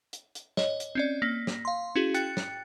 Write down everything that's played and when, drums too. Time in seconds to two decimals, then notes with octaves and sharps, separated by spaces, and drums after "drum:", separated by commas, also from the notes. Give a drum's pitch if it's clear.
0.13 drum: hi-hat
0.35 drum: hi-hat
0.57 C#5 D#5, drum: snare
0.80 drum: hi-hat
0.95 C4 C#4 D5
1.22 A#3 A#6 B6
1.47 drum: snare
1.65 F5 C6
1.96 C#4 E4 F#4 G#4
2.14 G5 F#6 A6 C#7, drum: hi-hat
2.37 drum: snare